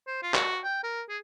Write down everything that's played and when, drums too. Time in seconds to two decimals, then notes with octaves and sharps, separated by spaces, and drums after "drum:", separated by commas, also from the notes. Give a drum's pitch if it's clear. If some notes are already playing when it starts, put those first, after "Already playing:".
0.07 C5
0.23 F4
0.34 F#4, drum: clap
0.64 G5
0.83 A#4
1.09 G#4